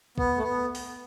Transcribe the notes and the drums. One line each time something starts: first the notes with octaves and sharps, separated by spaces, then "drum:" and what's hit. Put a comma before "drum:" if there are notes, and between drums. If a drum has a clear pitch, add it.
B3, drum: kick
A3
B3
drum: open hi-hat